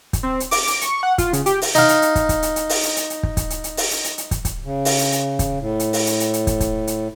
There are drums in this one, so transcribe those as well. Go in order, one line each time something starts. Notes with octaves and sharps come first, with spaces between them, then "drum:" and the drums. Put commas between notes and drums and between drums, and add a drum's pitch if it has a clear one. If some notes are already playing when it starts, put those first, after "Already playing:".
drum: kick, hi-hat
C4
drum: hi-hat
D6, drum: open hi-hat
drum: hi-hat
C#6, drum: hi-hat
F#5
F4, drum: kick, hi-hat
C#3, drum: hi-hat
G4, drum: hi-hat
drum: open hi-hat
D#4 F5, drum: hi-hat
drum: hi-hat
drum: hi-hat
drum: kick, hi-hat
drum: kick, hi-hat
drum: hi-hat
drum: hi-hat
drum: open hi-hat
drum: hi-hat
drum: hi-hat
drum: hi-hat
drum: kick
drum: kick, hi-hat
drum: hi-hat
drum: hi-hat
drum: open hi-hat
drum: hi-hat
drum: hi-hat
drum: hi-hat
drum: kick, hi-hat
drum: kick, hi-hat
C#3
drum: open hi-hat
drum: hi-hat
drum: hi-hat
drum: kick, hi-hat
A2
drum: hi-hat
drum: open hi-hat
drum: hi-hat
drum: hi-hat
drum: hi-hat
drum: kick, hi-hat
drum: kick, hi-hat
drum: hi-hat